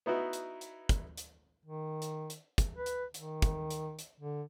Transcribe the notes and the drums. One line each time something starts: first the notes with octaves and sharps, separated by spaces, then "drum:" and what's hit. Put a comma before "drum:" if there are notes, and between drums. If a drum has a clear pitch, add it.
B3 D#4 E4 F#4
drum: hi-hat
drum: hi-hat
drum: kick, hi-hat
drum: hi-hat
D#3
drum: hi-hat
drum: hi-hat
drum: kick, hi-hat
B4
drum: hi-hat
D#3, drum: hi-hat
drum: kick, hi-hat
drum: hi-hat
drum: hi-hat
D3